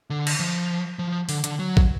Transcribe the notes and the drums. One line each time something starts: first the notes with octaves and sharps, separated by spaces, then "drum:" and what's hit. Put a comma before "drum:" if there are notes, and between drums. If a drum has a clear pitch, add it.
D3
drum: cymbal
F3
F3
D3, drum: open hi-hat
D3, drum: hi-hat
F#3
drum: kick